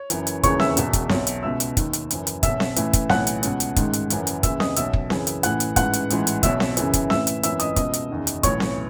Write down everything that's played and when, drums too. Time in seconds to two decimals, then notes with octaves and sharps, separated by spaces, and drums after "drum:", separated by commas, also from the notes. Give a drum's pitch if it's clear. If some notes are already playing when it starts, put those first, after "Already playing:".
Already playing: C#5
0.10 F#1 F#2 E3, drum: hi-hat
0.27 drum: hi-hat
0.43 E1 D#2 C#3 E3 C#5 C#6, drum: kick, hi-hat
0.60 E5 E6, drum: snare C4
0.77 E1 E2 B2, drum: hi-hat
0.93 drum: kick, hi-hat
1.09 B1 B2, drum: snare C4
1.27 drum: hi-hat
1.43 C#2 B2 E5 E6
1.60 drum: hi-hat
1.77 D#2 D#3, drum: kick, hi-hat
1.93 drum: hi-hat
2.11 F#1 F#2 E3, drum: hi-hat
2.27 drum: hi-hat
2.43 B1 B2 E5 E6, drum: kick, hi-hat
2.60 drum: snare C4
2.76 A1 A2 E3, drum: hi-hat
2.93 drum: kick, hi-hat
3.09 B1 A2 E3 F#5 F#6, drum: snare C4
3.27 drum: hi-hat
3.43 C#2 B2, drum: hi-hat
3.60 drum: hi-hat
3.76 A1 G#2 D#3, drum: kick, hi-hat
3.93 drum: hi-hat
4.10 F#1 F#2 E3, drum: hi-hat
4.27 drum: hi-hat
4.43 D#2 C#3 E3 E5 E6, drum: kick, hi-hat
4.60 D#5 D#6, drum: snare C4
4.76 B1 B2 E5 E6, drum: hi-hat
4.93 drum: kick
5.10 F#1 F#2 C#3 E3, drum: snare C4
5.27 drum: hi-hat
5.43 A1 A2 E3 F#5 F#6, drum: hi-hat
5.60 drum: hi-hat
5.76 A1 G#2 E3 F#5 F#6, drum: kick, hi-hat
5.93 drum: hi-hat
6.10 A1 G#2 E3, drum: hi-hat
6.27 drum: hi-hat
6.43 B1 B2 E5 E6, drum: kick, hi-hat
6.60 drum: snare C4
6.77 F#1 F#2 C#3 E3, drum: hi-hat
6.93 drum: kick, hi-hat
7.10 A1 A2 E3 E5 E6, drum: snare C4
7.27 drum: hi-hat
7.43 G#1 F#2 E3 E5 E6, drum: hi-hat
7.60 D#5 D#6, drum: hi-hat
7.76 C#2 B2 D#5 D#6, drum: kick, hi-hat
7.93 drum: hi-hat
8.11 F#1 E2 D#3
8.27 drum: hi-hat
8.43 B1 A2 E3 C#5 C#6, drum: kick, hi-hat
8.60 drum: snare C4